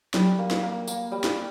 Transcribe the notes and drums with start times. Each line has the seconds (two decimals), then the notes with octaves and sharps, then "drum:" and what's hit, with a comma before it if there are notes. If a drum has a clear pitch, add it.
0.14 F#3 G3, drum: snare
0.39 A#3
0.51 drum: snare
0.63 A#3
0.87 A#3, drum: tambourine
1.12 G3
1.24 drum: snare